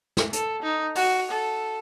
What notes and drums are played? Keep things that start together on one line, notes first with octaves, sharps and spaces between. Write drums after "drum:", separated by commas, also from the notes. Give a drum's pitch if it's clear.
drum: snare
A4, drum: hi-hat
D#4
F#4, drum: open hi-hat
A4